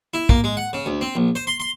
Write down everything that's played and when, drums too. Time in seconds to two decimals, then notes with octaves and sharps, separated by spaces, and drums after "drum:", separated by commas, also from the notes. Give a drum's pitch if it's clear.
0.14 E4
0.29 A#3, drum: kick
0.44 G#3
0.57 F#5
0.73 C#3
0.86 D2
1.01 C4
1.15 A#1
1.35 C5
1.47 C6
1.60 C6